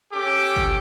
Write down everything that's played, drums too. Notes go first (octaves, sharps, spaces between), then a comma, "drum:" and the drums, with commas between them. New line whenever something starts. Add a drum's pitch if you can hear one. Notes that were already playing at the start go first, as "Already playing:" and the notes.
C#4 G4 A4 D6
drum: kick